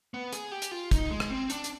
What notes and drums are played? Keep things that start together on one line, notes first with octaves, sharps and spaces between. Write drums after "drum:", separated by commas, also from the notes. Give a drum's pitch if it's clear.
B3
G#4, drum: hi-hat
G4
drum: hi-hat
F4
D#4, drum: kick, hi-hat
G#3
drum: rim click
C4
D4, drum: hi-hat
drum: hi-hat